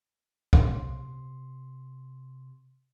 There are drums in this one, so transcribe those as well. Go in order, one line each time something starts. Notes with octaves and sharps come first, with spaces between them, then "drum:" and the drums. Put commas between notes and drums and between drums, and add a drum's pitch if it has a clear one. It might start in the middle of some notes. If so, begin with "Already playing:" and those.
C3 C6, drum: kick